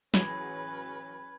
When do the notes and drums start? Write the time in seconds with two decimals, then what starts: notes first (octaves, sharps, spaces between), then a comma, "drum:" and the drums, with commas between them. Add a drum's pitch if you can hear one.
0.14 A1 F#3 C#4 G#4 B4 B5 G#6, drum: snare